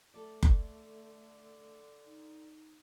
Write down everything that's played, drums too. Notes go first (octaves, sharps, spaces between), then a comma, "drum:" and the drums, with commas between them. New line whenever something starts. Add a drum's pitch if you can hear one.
A3 A4 D5
D3, drum: kick F#1
D#4